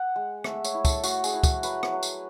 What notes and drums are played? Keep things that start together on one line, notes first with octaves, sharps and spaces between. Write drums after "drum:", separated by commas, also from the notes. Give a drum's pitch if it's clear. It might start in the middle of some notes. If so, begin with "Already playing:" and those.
Already playing: F#5
G#3
A3 E5, drum: rim click
C#5, drum: tambourine
E4
A4, drum: kick, tambourine
A3 F#4, drum: tambourine
G#4, drum: tambourine
E4
drum: kick, tambourine
F#3 B4, drum: tambourine
drum: rim click
F#3
drum: tambourine